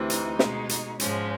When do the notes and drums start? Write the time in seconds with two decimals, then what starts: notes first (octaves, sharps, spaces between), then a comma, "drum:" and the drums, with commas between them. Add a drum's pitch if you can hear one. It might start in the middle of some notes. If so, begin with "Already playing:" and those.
Already playing: D2 C3 E3
0.10 D#4, drum: hi-hat
0.39 B2 G#3, drum: snare
0.69 drum: hi-hat
1.00 G#2 F3 G#3 C#4, drum: hi-hat